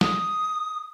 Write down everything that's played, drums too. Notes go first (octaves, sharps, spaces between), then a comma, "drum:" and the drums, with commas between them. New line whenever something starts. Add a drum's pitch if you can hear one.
D#6, drum: snare